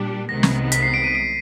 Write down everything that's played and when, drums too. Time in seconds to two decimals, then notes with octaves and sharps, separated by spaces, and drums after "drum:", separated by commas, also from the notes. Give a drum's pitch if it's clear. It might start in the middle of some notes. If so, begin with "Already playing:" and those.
Already playing: A#2 G3 D4 G4
0.29 C2 C3 D#3 G#3 B3 A#6
0.43 drum: snare
0.72 B6, drum: hi-hat
0.83 C7
0.94 D7
1.04 D#7
1.15 D7